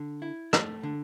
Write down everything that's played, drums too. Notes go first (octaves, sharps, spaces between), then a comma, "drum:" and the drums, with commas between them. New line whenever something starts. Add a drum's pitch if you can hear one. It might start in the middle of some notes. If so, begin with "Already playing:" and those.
Already playing: D3
E4
A3, drum: rim click
D3